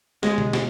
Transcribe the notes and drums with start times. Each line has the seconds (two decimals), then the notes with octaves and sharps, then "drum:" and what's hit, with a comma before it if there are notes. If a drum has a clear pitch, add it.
0.23 G#3, drum: snare
0.38 drum: tom B2
0.53 drum: snare